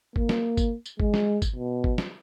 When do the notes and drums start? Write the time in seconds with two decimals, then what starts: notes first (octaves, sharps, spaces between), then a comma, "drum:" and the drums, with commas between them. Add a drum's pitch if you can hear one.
0.16 A#3, drum: kick G1
0.29 drum: snare
0.57 drum: kick G1, tambourine
0.86 drum: tambourine
1.00 G#3, drum: kick G1
1.14 drum: snare
1.42 drum: kick G1, tambourine
1.56 B2
1.84 drum: kick G1
1.98 drum: snare